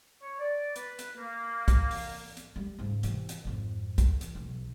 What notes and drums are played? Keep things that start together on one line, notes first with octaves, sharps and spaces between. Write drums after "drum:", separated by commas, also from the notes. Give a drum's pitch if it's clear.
C#5
D5
B4, drum: hi-hat
drum: hi-hat
A#3
drum: kick, hi-hat
drum: open hi-hat
drum: hi-hat
G3
G#2 C#3
C3 E3, drum: hi-hat
drum: hi-hat
G#1 F2
drum: kick, hi-hat
drum: hi-hat
B1